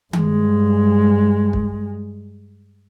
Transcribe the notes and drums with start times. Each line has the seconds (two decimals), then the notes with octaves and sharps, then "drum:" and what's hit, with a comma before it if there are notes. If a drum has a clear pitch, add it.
0.13 G2 G#3, drum: tom D#3
1.53 drum: kick